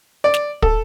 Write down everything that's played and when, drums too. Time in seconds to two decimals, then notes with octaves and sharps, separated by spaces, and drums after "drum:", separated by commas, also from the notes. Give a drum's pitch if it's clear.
0.24 D5
0.34 drum: snare
0.62 A4, drum: kick